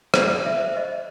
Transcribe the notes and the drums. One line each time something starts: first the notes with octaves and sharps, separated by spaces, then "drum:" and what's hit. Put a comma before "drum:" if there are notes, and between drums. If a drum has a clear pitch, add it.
D5, drum: rim click
E5
C5
D#5